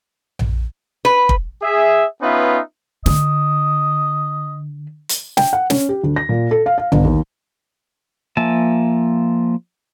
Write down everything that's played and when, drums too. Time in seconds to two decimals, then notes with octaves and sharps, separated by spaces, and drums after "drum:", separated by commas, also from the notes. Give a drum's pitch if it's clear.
0.39 drum: tom A#1
1.05 B4
1.29 drum: kick
1.62 G#4 E5
2.21 B3 C#4 D#4 F4 B4 E5
3.06 D3 D#5, drum: snare
5.09 drum: hi-hat
5.37 G5, drum: snare
5.53 F#5
5.70 C#4, drum: snare
5.89 G4
6.03 D2
6.16 A#6
6.29 A#2
6.51 A4
6.66 F5
6.78 F5
6.92 G1, drum: tom A#1
7.04 D#2
8.37 F3 A#3 E5 G#5 A5